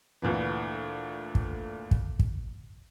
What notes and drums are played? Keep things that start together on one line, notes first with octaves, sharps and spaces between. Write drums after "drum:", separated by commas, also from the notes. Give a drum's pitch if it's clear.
D2 A#2 D3 E3
drum: kick
drum: kick
drum: kick